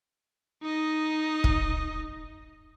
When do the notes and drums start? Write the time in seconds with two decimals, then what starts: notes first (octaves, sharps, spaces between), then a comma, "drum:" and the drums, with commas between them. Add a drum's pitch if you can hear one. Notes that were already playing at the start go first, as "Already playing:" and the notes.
0.62 D#4 D#5
1.44 drum: kick